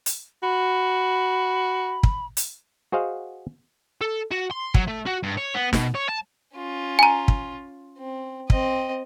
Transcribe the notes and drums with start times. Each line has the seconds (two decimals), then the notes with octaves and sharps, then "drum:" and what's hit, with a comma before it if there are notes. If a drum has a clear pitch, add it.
0.06 drum: hi-hat
0.43 F#4 B5
2.03 drum: kick
2.37 drum: hi-hat
2.92 F#4 G#4 C5 D#5 F5 F#5
4.01 A4
4.31 F#4
4.51 C6
4.74 F#3, drum: kick
4.88 A3
5.06 F#4
5.23 G2
5.37 C#5
5.54 B3
5.73 B2, drum: snare
5.95 C#5
6.09 A5
6.55 C#4 F4
6.99 G#5 A#5
7.28 drum: kick
7.98 C4
8.50 C4 D#5, drum: kick